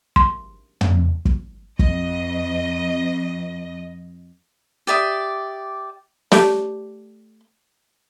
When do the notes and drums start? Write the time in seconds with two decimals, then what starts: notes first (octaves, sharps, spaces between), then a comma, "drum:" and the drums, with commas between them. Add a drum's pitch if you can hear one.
0.16 C6, drum: kick
0.81 drum: tom
1.25 drum: kick
1.79 F2 D#5, drum: kick
4.87 G4 D5 E5 D#6
6.32 A3 G4 D5, drum: snare